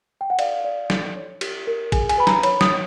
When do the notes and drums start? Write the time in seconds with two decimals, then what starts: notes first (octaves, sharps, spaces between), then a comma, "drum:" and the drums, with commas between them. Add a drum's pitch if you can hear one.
0.21 G5
0.30 F#5
0.39 D5 F5, drum: cymbal
0.65 D5
0.90 A4, drum: snare
1.16 C#5
1.41 G4, drum: cymbal
1.67 A#4
1.92 G#4 G#5, drum: kick A1, cymbal
2.09 G#5, drum: cymbal
2.18 B4 B5
2.27 A#5, drum: snare
2.43 C#5 B5, drum: cymbal
2.61 D#6, drum: snare
2.69 C#5